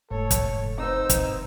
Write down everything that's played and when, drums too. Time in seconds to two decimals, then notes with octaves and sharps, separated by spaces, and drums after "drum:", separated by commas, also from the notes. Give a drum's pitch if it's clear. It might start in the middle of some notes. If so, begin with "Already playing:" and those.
0.11 F1 G#2 A3 A4 C#5
0.31 drum: kick, hi-hat
0.78 C4 D#4 B4 C5 E6
1.09 drum: kick, hi-hat